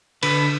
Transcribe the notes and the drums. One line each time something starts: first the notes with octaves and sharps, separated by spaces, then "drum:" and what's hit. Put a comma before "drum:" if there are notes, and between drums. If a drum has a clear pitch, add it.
D3 B4, drum: cymbal